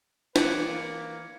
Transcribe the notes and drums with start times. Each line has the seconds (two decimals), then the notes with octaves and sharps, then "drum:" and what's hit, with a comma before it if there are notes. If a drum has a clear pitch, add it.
0.36 E3 B4 C#5 D5, drum: snare
0.64 A#3